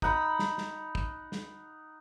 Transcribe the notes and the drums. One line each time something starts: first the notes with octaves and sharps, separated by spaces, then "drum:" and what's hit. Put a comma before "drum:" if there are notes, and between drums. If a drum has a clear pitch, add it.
D#4 F#5 B5, drum: kick
drum: snare
drum: snare
drum: kick
drum: snare